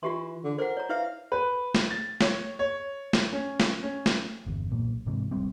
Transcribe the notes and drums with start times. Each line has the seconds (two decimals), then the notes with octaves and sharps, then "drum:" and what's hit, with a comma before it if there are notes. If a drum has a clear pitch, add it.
0.03 E3 F4 G4 C6
0.44 D3
0.59 A#4 C5 F#5
0.77 C#5 A#5
0.89 E4 B4 E5 F5
1.32 B4
1.75 drum: snare
1.91 A6
2.21 C#5, drum: snare
2.59 C#5
3.13 drum: snare
3.33 C#4
3.60 drum: snare
3.83 C#4
4.06 drum: snare
4.46 G1 E2
4.70 B1 A#2 A#3
5.06 G#2 C3 E3
5.31 D#1 A1 G3 C4